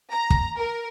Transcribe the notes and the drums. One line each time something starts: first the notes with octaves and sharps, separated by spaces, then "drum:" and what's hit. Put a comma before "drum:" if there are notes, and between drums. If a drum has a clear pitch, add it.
A#5
drum: kick
A#4